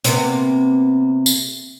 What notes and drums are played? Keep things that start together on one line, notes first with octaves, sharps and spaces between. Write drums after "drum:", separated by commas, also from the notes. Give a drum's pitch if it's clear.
C3 A#3 B3, drum: hi-hat
drum: tambourine